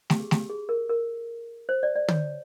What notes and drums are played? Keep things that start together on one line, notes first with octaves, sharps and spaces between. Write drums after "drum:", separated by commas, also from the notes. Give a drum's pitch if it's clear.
G4, drum: snare
G#4
G4, drum: snare
G#4
A#4
A#4
C5
D5
D5
C#5, drum: tom